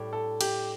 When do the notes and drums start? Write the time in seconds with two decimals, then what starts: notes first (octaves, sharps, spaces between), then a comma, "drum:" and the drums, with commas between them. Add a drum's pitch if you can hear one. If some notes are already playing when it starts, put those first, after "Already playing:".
Already playing: A2 G3 D4
0.13 A4
0.41 G4, drum: cymbal